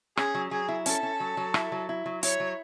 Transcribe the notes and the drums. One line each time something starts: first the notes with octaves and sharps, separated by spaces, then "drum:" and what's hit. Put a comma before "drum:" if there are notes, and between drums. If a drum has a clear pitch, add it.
C#4 G#4, drum: rim click
F#3
F#3 G#4
E4
C#4 A4, drum: hi-hat
C#4
F#3
F#3
E4, drum: rim click
F#3
E4
F#3
E4 C#5, drum: hi-hat
F#3